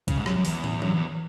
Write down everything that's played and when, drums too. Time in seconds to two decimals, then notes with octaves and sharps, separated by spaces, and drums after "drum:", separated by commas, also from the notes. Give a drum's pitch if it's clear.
0.08 C#3, drum: kick B1, hi-hat
0.18 G#2
0.26 F#2, drum: rim click
0.36 F#2
0.45 E2, drum: open hi-hat
0.64 drum: tom
0.82 F#2, drum: tom E3
0.94 E2